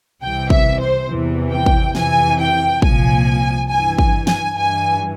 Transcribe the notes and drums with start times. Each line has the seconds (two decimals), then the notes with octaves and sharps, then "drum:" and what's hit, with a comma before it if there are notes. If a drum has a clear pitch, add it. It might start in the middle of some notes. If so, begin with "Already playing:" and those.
0.22 C2 C3 E3 G5
0.50 E5, drum: kick
0.80 C5
1.08 E2 C3 E3
1.52 G5
1.66 drum: kick
1.95 F2 C3 E3 G#5, drum: snare
2.39 G5
2.82 C2 A#2 F3 G#5, drum: kick
3.69 G2 E3 G#5
3.99 G#5, drum: kick
4.27 G#5, drum: snare
4.56 G2 E3 G#5